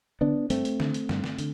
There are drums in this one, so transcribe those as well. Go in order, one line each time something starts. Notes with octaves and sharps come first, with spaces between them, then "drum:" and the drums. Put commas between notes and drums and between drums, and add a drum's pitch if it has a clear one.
D3 B3 D4
G2 A3 C4, drum: hi-hat
drum: hi-hat
D3, drum: snare
drum: hi-hat
G2, drum: snare
drum: snare
D3, drum: hi-hat